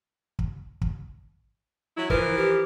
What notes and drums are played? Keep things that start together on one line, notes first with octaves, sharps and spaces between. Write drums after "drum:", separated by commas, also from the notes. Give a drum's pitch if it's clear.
drum: kick
drum: kick
F#3 E4
E3 F3 A#4 B4, drum: kick
G4